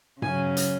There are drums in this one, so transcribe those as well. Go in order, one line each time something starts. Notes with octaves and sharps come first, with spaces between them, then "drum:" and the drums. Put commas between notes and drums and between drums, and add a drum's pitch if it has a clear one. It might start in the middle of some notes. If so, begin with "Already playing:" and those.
C#3 F#3 C#4 G#5, drum: tom G2
drum: hi-hat